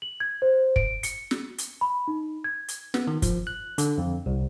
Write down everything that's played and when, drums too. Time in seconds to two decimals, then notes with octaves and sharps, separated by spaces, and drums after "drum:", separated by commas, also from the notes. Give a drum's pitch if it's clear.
0.02 F#7
0.20 G#6
0.42 C5
0.76 D7, drum: kick
1.03 C#7, drum: hi-hat
1.31 drum: snare
1.58 drum: hi-hat
1.81 B5
2.08 D#4
2.44 G#6
2.68 drum: hi-hat
2.94 B3, drum: snare
3.07 D#3
3.22 F3, drum: kick, hi-hat
3.47 F#6
3.78 D3, drum: hi-hat
3.98 F2
4.26 C2